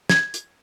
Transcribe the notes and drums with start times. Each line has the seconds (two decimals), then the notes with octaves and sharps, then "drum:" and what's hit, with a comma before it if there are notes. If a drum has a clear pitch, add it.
0.10 G#6, drum: snare
0.34 drum: hi-hat